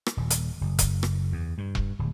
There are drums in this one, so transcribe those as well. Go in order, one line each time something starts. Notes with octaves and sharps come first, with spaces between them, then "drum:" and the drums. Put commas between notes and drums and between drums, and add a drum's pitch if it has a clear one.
drum: rim click
D#1
drum: hi-hat
F#1
drum: kick E1, hi-hat
drum: rim click
E2
G2
drum: kick E1
D1